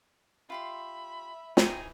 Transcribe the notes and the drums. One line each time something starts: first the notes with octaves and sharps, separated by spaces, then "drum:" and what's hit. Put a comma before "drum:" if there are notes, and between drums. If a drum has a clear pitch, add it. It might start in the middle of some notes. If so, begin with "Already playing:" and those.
F4 G4 E5 B5 C6
E3 D#4 G#4 C5 G5 A#5, drum: snare